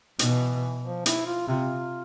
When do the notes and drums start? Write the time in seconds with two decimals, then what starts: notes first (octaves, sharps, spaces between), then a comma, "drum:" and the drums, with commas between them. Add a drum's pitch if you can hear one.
0.19 B2 E3, drum: hi-hat
0.84 F3
1.06 E4, drum: hi-hat
1.27 F4
1.48 C3 F4